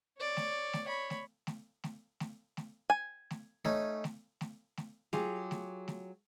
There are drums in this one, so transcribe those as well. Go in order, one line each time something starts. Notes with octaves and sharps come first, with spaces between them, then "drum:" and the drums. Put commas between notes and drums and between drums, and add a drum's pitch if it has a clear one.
C#5 D5
drum: snare A3
drum: snare A3
C#5 B5
drum: snare A3
drum: snare A3
drum: snare A3
drum: snare A3
drum: snare A3
G#5
drum: snare A3
A3 C#4 D#4, drum: snare A3
drum: snare A3
drum: snare A3
drum: snare A3
F#3 F4 G4 G#4, drum: snare A3
drum: snare A3
drum: snare A3